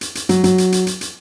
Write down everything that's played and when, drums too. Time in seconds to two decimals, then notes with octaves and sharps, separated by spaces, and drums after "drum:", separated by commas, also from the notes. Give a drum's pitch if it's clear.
0.01 drum: hi-hat
0.15 drum: hi-hat
0.29 F#3, drum: hi-hat
0.44 F#3, drum: hi-hat
0.58 drum: hi-hat
0.72 drum: hi-hat
0.87 drum: hi-hat
1.01 drum: hi-hat